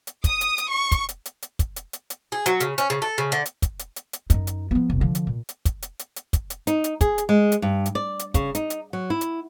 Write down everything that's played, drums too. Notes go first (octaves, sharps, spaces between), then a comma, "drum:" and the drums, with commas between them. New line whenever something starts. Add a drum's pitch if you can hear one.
drum: hi-hat
D#6, drum: kick, hi-hat
drum: hi-hat
drum: hi-hat
C#6
drum: kick, hi-hat
drum: hi-hat
drum: hi-hat
drum: hi-hat
drum: kick, hi-hat
drum: hi-hat
drum: hi-hat
drum: hi-hat
G#4
F#3, drum: hi-hat
C#3, drum: hi-hat
C#4, drum: hi-hat
C#3
A4
C#3
D3
drum: hi-hat
drum: kick, hi-hat
drum: hi-hat
drum: hi-hat
drum: hi-hat
F#2 D#4, drum: kick, hi-hat
drum: hi-hat
F3 B3
F1 B1
D3 F3
drum: hi-hat
A#2
drum: hi-hat
drum: kick, hi-hat
drum: hi-hat
drum: hi-hat
drum: hi-hat
drum: kick, hi-hat
drum: hi-hat
D#4, drum: hi-hat
drum: hi-hat
G#4, drum: kick, hi-hat
drum: hi-hat
G#3
drum: hi-hat
G2
drum: hi-hat
D5
drum: hi-hat
C#3, drum: kick, hi-hat
D#4, drum: hi-hat
drum: hi-hat
F#3
E4
drum: hi-hat